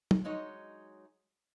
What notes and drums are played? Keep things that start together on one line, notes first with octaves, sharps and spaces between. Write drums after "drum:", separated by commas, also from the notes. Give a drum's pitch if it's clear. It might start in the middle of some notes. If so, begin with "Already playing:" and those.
drum: tom
F#3 G#3 D#4 C#5 D#5